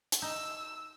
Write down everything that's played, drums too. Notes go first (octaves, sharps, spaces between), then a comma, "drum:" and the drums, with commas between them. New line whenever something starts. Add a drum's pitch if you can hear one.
drum: hi-hat
D#4 E6